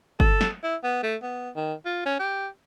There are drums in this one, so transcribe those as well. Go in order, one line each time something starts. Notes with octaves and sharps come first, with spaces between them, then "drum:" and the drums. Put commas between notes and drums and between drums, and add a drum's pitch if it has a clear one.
A4, drum: kick G1
drum: snare
E4
B3
A3
B3
D#3
F4
C#4
G4